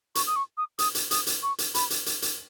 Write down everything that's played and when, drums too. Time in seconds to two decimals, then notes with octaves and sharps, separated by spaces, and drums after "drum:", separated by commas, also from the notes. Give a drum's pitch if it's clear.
0.15 C#6, drum: hi-hat
0.27 D#6
0.36 C#6
0.57 D#6
0.79 D#6, drum: hi-hat
0.95 drum: hi-hat
1.11 D#6, drum: hi-hat
1.27 drum: hi-hat
1.43 C#6
1.58 drum: hi-hat
1.75 B5, drum: hi-hat
1.90 drum: hi-hat
2.06 drum: hi-hat
2.22 drum: hi-hat